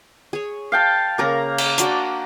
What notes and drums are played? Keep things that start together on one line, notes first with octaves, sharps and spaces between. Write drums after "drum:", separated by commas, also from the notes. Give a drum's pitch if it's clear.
G#4 C#5
F5 G5 A5
C#3 A#3 A#4 A#5 C#6
drum: cymbal
D4 F#4 D5, drum: hi-hat